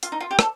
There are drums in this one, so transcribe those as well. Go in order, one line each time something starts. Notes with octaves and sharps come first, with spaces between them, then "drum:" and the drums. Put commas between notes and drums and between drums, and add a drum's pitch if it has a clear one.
F4, drum: hi-hat
D#4
F4
G4
A4, drum: rim click